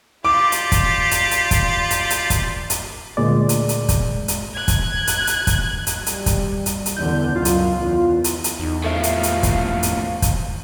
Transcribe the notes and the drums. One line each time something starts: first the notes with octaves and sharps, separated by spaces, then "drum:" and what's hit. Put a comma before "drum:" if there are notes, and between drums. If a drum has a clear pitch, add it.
F4 G4 D5 D6
drum: hi-hat
drum: kick, hi-hat
drum: hi-hat
drum: hi-hat
drum: kick, hi-hat
drum: hi-hat
drum: hi-hat
drum: kick, hi-hat
drum: hi-hat
D2 A#2 G#3 D5
drum: hi-hat
drum: hi-hat
drum: kick, hi-hat
drum: hi-hat
F#6 G#6
drum: kick, hi-hat
drum: hi-hat
drum: hi-hat
drum: kick, hi-hat
drum: hi-hat
G3, drum: hi-hat
drum: kick, hi-hat
drum: hi-hat
drum: hi-hat
E2 D3 G6
C#2 F#2 F4
drum: hi-hat
E2
drum: hi-hat
drum: hi-hat
E2 D#4
A2 F3 A4 E5 F5
drum: hi-hat
drum: hi-hat
drum: kick, hi-hat
drum: hi-hat
drum: kick, hi-hat